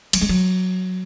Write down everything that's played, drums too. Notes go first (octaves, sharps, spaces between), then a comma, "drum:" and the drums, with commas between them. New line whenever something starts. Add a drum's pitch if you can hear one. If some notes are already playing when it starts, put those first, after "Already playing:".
F#3, drum: cymbal
G#3
F#3